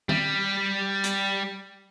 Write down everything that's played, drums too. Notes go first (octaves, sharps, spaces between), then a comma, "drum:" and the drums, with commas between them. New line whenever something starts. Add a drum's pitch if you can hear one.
G3, drum: tom D#3
drum: hi-hat